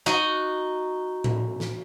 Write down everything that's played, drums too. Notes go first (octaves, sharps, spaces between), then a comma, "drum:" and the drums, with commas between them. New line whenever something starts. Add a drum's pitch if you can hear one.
D#4 F#4
drum: tom A2
drum: snare